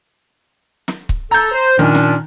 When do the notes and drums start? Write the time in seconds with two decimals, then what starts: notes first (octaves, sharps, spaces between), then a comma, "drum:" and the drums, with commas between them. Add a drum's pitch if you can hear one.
0.88 drum: snare
1.09 drum: kick C#1
1.31 A4 A#5 G6
1.52 C5
1.79 A#2 D#3 C#4 D4
1.95 drum: snare